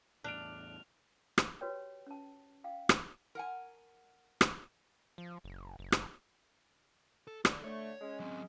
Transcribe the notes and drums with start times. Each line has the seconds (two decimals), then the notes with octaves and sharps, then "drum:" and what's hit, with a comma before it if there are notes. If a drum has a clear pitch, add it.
0.24 E2 A2 D4 F6 F#6 D7 F7
1.38 drum: rim click
1.61 F#4 G4 B4 C#5 G5
2.07 C#4 A5
2.64 F5 G5
2.89 drum: rim click
3.35 A#4 F#5 G#5
4.41 drum: rim click
5.18 F3
5.44 F#1
5.79 F#1
5.92 drum: rim click
7.27 A4
7.45 A4 D5, drum: rim click
7.64 D3 A3 C#5
8.01 G#3 C#4
8.20 F#3 C4